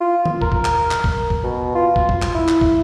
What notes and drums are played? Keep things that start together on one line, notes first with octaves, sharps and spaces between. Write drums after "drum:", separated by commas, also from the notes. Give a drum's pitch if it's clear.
F4
drum: tom D#3
A#4, drum: kick
drum: kick
drum: clap
drum: clap
drum: kick
drum: kick
B2
F4
drum: kick
drum: kick
drum: clap
E4
drum: clap
drum: kick